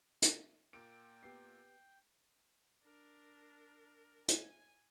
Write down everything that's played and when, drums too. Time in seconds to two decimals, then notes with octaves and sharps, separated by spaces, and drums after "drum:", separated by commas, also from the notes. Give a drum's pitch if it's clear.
0.22 drum: hi-hat
0.73 A#2 A#3 G5 D7
1.23 B3 G4 C7
2.83 D4 A#4
4.28 G#5, drum: hi-hat